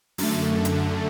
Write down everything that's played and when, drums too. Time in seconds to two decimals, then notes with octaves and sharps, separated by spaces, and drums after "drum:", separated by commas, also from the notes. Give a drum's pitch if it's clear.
0.18 F#2 D3 A3, drum: open hi-hat
0.65 drum: hi-hat